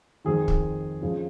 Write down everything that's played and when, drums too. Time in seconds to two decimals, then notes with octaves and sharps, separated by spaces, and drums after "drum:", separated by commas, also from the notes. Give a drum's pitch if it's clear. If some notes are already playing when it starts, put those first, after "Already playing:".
0.25 F2 D#3 G#4
0.48 drum: kick
1.02 F2 C#3 F3